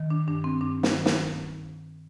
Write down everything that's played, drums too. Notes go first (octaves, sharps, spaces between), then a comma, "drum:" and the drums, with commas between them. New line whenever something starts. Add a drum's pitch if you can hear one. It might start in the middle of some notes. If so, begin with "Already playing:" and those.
Already playing: D#3
D4
G2 D4
C4
G2 D4
drum: snare
D#3
drum: snare